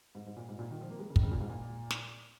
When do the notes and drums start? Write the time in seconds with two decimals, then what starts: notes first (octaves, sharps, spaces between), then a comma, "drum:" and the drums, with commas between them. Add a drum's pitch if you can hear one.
0.15 G#2
0.26 G#2
0.36 A#2
0.49 G#2
0.59 A#2
0.71 D#3
0.81 F3
0.90 A#3
0.99 G#3
1.10 C#3
1.16 D#3, drum: kick
1.23 C#3
1.31 A#2
1.40 G#2
1.49 A#2
1.91 drum: snare